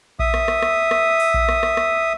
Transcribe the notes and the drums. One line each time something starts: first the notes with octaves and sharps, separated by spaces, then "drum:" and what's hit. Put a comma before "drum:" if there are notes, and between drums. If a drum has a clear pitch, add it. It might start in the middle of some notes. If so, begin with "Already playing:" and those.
E5 D#6, drum: kick A#1
drum: rim click
drum: rim click
drum: rim click
drum: rim click
drum: open hi-hat
drum: kick A#1
drum: rim click
drum: rim click
drum: rim click